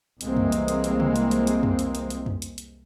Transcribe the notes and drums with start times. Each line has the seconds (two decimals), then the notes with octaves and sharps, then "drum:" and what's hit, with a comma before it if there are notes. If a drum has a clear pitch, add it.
0.21 C2 E3 G#3 A#3 C4, drum: hi-hat
0.37 drum: tom F2
0.52 drum: hi-hat
0.68 drum: hi-hat
0.84 drum: hi-hat
1.00 drum: tom C3
1.16 drum: hi-hat
1.31 drum: hi-hat
1.47 drum: hi-hat
1.63 drum: tom F2
1.79 drum: hi-hat
1.95 drum: hi-hat
2.10 drum: hi-hat
2.26 drum: tom F2
2.42 drum: hi-hat
2.58 drum: hi-hat